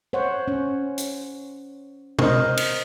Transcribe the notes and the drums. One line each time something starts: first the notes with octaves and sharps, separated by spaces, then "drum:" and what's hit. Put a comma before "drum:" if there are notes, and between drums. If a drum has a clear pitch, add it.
C5 C#5 F#5
C#4
drum: hi-hat
A#4 C5 D#5, drum: tom B2
drum: cymbal